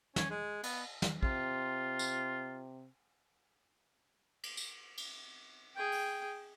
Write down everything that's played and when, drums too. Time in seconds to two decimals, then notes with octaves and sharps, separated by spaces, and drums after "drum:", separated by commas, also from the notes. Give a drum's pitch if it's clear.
0.16 C#4, drum: snare
0.31 G#3
0.63 B3, drum: cymbal
1.02 drum: snare
1.23 C3 F4, drum: kick
1.99 drum: tambourine
4.43 drum: cymbal
4.57 drum: tambourine
4.97 drum: cymbal
5.76 G#4 G5
5.92 drum: open hi-hat